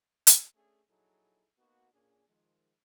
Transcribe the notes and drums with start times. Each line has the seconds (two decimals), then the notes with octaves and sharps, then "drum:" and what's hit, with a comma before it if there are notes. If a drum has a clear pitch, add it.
0.27 drum: hi-hat
0.55 A3 C#4 D4 G#4
0.89 A#1 F#3 D#4 E4 G#4 A4
1.58 A#3 B3 D#4 F#4
1.93 A#2 A#3 C#4 D4 G#4
2.28 D#3 F3 G#3